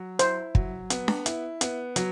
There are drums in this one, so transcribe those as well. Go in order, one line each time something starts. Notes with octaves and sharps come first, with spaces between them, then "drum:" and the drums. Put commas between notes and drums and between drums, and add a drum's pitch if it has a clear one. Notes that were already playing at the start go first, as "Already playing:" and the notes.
Already playing: F#3
E4 C5, drum: hi-hat
F#3, drum: kick
B3, drum: hi-hat
drum: snare D4
E4, drum: hi-hat
B3, drum: hi-hat
F#3, drum: hi-hat